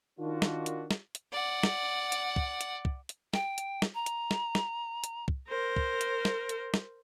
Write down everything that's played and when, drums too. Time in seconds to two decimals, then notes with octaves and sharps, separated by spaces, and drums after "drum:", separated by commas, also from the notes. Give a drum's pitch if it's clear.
0.18 D#3 D4 F4 F#4
0.42 drum: snare
0.66 drum: hi-hat
0.91 drum: snare
1.15 drum: hi-hat
1.32 D5 F#5
1.63 drum: snare
2.12 drum: hi-hat
2.36 drum: kick
2.61 drum: hi-hat
2.85 drum: kick
3.09 drum: hi-hat
3.34 G5, drum: snare
3.58 drum: hi-hat
3.82 drum: snare
3.95 A#5
4.06 drum: hi-hat
4.31 drum: snare
4.55 drum: snare
5.04 drum: hi-hat
5.28 drum: kick
5.48 A#4 C5
5.76 drum: kick
6.01 drum: hi-hat
6.25 drum: snare
6.49 drum: hi-hat
6.74 drum: snare